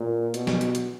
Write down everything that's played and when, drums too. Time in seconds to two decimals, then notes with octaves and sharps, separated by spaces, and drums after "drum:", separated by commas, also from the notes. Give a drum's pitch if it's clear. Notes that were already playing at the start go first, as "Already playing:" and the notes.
Already playing: A#2
0.34 B2, drum: hi-hat
0.47 drum: snare
0.61 drum: hi-hat
0.75 drum: hi-hat